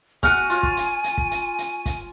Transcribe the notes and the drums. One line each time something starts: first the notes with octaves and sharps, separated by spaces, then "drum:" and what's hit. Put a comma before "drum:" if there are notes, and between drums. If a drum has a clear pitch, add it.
F#4 F#5 G#5 F6, drum: kick, hi-hat
F4 C#5, drum: hi-hat
drum: kick
drum: hi-hat
drum: hi-hat
drum: kick
drum: hi-hat
drum: hi-hat
drum: kick, hi-hat